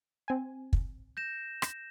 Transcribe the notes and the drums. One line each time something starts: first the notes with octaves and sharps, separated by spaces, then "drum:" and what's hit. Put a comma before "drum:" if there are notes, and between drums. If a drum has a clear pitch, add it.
C4 G#5
drum: kick
G6 A#6 E7
drum: rim click